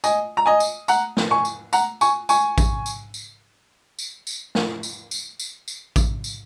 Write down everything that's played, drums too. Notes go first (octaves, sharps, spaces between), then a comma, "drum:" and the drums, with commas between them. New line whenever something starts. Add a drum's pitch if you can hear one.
D#5 G#5, drum: tambourine
A#5
D#5 G#5
drum: tambourine
F#5 A#5, drum: tambourine
drum: snare
G#5 C#6
drum: tambourine
F#5 A#5, drum: tambourine
G#5 C#6, drum: tambourine
G#5 C#6, drum: tambourine
drum: kick A1, tambourine
drum: tambourine
drum: tambourine
drum: tambourine
drum: tambourine
drum: snare
drum: tambourine
drum: tambourine
drum: tambourine
drum: tambourine
drum: kick A1, tambourine
drum: tambourine